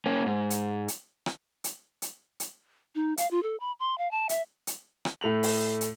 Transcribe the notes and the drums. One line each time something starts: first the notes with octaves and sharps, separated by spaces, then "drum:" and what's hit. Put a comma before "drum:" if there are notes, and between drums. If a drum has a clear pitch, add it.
A#3 C#4
G#2
drum: hi-hat
drum: hi-hat
drum: rim click
drum: hi-hat
drum: hi-hat
drum: hi-hat
D#4
F5, drum: hi-hat
F4
A4
B5
C6
F5
A5
E5, drum: hi-hat
drum: hi-hat
drum: rim click
A2 A3 F7 F#7
drum: open hi-hat
drum: hi-hat